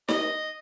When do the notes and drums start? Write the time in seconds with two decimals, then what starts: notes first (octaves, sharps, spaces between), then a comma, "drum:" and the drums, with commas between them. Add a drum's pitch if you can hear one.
0.08 D#5, drum: snare D#4